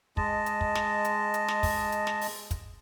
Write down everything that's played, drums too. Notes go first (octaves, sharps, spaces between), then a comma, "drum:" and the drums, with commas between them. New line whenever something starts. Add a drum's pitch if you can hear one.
G#3 D#5 A5, drum: kick
drum: hi-hat
drum: kick
drum: snare
drum: hi-hat
drum: hi-hat
drum: snare
drum: kick, open hi-hat
drum: hi-hat
drum: snare
drum: open hi-hat
drum: kick, hi-hat